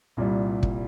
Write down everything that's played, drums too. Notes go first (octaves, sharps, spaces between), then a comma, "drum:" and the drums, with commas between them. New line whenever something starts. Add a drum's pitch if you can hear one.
C2 A#2 G3
drum: kick